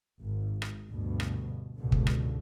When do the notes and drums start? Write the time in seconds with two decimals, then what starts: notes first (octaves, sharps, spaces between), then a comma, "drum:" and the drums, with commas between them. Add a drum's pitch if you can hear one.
0.22 G#1 G#2
0.62 drum: rim click
0.91 D2 G2 B2
1.20 drum: rim click
1.78 C#2 G#2 B2 D3
1.92 drum: kick
2.07 drum: rim click